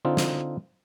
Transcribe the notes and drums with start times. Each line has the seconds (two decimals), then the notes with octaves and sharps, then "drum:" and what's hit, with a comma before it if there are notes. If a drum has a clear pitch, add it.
0.05 D3 C4 D#4 F4
0.17 drum: snare